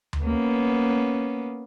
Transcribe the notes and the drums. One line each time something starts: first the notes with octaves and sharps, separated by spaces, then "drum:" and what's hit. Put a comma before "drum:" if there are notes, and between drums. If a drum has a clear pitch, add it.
drum: tom D2
A#3 B3 C#4